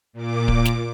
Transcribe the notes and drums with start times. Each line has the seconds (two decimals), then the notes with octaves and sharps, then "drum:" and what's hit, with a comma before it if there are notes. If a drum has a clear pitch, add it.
0.13 A#2 D6
0.48 drum: kick
0.65 drum: snare